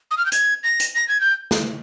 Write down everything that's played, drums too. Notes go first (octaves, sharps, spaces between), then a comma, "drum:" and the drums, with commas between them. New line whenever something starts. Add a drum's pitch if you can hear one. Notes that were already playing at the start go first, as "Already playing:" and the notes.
D#6
F6
G6
G#6, drum: hi-hat
A#6
drum: hi-hat
A#6
G#6
G6
drum: snare